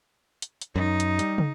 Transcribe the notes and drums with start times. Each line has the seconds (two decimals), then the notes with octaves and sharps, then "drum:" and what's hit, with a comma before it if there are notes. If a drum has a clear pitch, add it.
0.42 drum: hi-hat
0.62 drum: hi-hat
0.76 F#2 D#4
1.00 drum: hi-hat
1.19 G3, drum: hi-hat
1.38 drum: tom